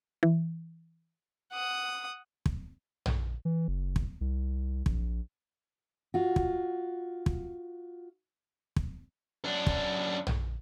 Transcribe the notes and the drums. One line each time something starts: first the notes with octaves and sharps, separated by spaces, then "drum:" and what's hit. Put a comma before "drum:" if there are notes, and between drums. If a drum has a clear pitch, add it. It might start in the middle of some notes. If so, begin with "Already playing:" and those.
E3
F#5 D#6
drum: kick
drum: tom A#1
E3
F#1
drum: kick
C2
A#1, drum: kick
F4 F#4
drum: kick
drum: kick
drum: kick
F#2 D4
drum: kick
drum: tom A#1